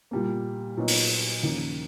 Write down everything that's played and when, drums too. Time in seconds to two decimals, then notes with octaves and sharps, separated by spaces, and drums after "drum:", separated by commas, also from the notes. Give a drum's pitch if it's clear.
0.11 A#2 G3 A#3
0.77 A#2 F#3 B3 D#4 F#4
0.88 drum: open hi-hat
1.43 D#2 C#3 F3 A#3